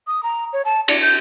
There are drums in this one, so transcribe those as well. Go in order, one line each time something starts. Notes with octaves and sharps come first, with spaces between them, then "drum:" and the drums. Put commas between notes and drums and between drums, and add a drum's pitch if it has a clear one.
D#6
A#5
C#5
A5
D5, drum: cymbal
G6